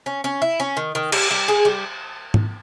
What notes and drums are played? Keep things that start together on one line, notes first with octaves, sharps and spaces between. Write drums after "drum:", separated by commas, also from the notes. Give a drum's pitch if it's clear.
C#4
C#4
E4
C#4
D#3
D#3
G3, drum: cymbal
G3
G#4
G3
drum: tom G#2